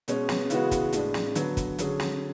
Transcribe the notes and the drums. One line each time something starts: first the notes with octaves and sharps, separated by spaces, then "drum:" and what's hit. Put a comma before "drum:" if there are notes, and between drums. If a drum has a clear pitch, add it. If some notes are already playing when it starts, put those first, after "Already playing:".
B2 G#3 C#4, drum: hi-hat
drum: snare
C#3 E3 G#3 B3 F#4, drum: hi-hat
drum: kick, hi-hat
A2 G#3 D4, drum: hi-hat
drum: snare
D3 F#3 B3, drum: hi-hat
drum: kick, hi-hat
D3 F#3 C#4 G#4, drum: hi-hat
drum: snare